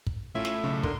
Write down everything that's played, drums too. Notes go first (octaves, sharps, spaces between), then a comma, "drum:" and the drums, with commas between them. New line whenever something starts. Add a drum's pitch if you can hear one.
drum: kick
A2 C#4 E4 F4 E5
drum: snare
B1 C#3
D3 A#4 C6, drum: kick